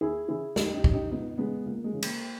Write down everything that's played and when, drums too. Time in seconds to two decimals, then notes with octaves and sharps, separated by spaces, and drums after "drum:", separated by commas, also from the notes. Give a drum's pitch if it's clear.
0.01 D#2 E4 G#4
0.28 C#3 E3 E4 G#4
0.56 D#2 D#4 G4, drum: snare
0.74 D#4 G4
0.84 C#3 E3, drum: kick B1
0.93 D#4 G4
1.11 C#2 B3 D#4
1.38 C#3 E3 G#3 B3
1.66 C#2 A#3
1.84 G#3
1.93 C#3 E3
2.03 A#3, drum: cymbal